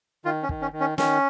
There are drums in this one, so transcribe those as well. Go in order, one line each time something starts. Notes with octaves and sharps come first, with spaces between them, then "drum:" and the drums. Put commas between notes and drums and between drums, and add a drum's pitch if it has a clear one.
D#3 F4
C#4
D#3, drum: kick
C#4
D#3
C#4
D#3 C#4, drum: snare